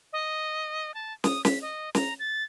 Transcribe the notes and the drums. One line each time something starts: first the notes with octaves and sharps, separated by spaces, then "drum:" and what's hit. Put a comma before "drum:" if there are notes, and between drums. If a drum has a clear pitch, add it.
D#5
A5
D#6, drum: snare
B6, drum: snare
D#5
A#5, drum: snare
A6